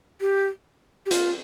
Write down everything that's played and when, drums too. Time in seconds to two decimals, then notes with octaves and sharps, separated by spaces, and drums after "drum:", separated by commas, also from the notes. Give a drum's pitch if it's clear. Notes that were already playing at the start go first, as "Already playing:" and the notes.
0.21 G4
1.06 G4
1.11 F4, drum: hi-hat